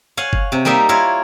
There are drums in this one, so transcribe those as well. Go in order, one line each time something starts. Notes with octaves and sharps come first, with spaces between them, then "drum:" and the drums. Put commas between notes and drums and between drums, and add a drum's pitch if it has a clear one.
C#5 F5 F#5 G#5
drum: kick F#1
C3
G3 A#3 D#4 E5
E4 F4 A#4 C#5